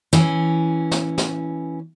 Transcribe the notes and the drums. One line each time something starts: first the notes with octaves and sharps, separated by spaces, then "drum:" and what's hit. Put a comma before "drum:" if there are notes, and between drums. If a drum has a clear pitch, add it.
E3 C#4, drum: snare
drum: snare
drum: snare